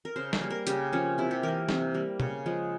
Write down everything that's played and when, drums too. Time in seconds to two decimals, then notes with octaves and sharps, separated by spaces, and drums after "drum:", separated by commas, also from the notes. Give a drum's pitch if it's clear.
0.05 A#4
0.16 C#3 C5
0.33 C5, drum: snare
0.41 G3 A#3
0.50 A#4
0.67 C#3 G4, drum: hi-hat
0.92 F3 A#3 C#4
1.18 C3 E4
1.31 G4
1.43 E3 A#3 A#4
1.69 C3, drum: snare
1.94 G3 A#3
2.20 C#3, drum: tom B2
2.46 F3 G#3